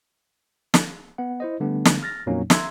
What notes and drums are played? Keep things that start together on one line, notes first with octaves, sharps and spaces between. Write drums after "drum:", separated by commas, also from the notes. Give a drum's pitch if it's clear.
drum: snare
B3 F#5
E4 C5 D#5
D3 G3 A3 B3 D4
drum: snare
F6 A6 A#6
F2 A#2 F#3 A#3 C#4 D#4
E5 A#5 C6 E6 G#6, drum: snare